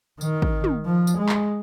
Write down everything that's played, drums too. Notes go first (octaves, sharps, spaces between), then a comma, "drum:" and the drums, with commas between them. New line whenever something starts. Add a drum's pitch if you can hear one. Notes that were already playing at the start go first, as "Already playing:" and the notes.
D#3, drum: tambourine
drum: kick
drum: tom
F3
drum: tambourine
G#3
drum: clap